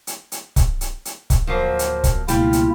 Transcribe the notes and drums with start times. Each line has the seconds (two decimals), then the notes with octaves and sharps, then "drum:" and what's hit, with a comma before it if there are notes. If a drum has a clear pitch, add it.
0.07 drum: hi-hat
0.32 drum: hi-hat
0.56 drum: kick C#1, hi-hat
0.81 drum: hi-hat
1.05 drum: hi-hat
1.30 drum: kick C#1, hi-hat
1.47 D1 G#1 F3 F#3 A#3 C5
1.79 drum: hi-hat
2.04 drum: kick C#1, hi-hat
2.28 C#2 B2 G3 G#3 A#3 E4 F4 G4, drum: hi-hat
2.53 drum: hi-hat